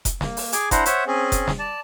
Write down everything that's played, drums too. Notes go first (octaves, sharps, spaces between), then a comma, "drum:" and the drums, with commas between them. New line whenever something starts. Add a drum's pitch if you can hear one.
drum: kick F1, hi-hat
A#3, drum: snare
drum: open hi-hat
G#4 G#5 D6, drum: hi-hat
D4 E4 C5 F#5 A#5 C6, drum: kick F1, hi-hat
C5 C#5 E5 F#5, drum: hi-hat
C4 C#4 G#4
drum: kick F1, hi-hat
drum: snare
D5 A5